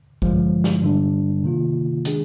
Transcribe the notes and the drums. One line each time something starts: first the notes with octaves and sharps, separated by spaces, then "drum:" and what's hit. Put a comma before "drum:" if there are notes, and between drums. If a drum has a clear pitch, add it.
G2 D3 F3 G#3, drum: kick A1
drum: snare
G2 D3 G3 D4
C3 D#3 A#3 F4
D#3 G#3 D4 G#4, drum: hi-hat